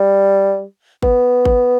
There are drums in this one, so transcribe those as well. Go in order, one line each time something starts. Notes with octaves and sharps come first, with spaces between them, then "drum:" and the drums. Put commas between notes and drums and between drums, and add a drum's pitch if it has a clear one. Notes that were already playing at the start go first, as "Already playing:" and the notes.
Already playing: G3
B3, drum: kick G#1
drum: kick G#1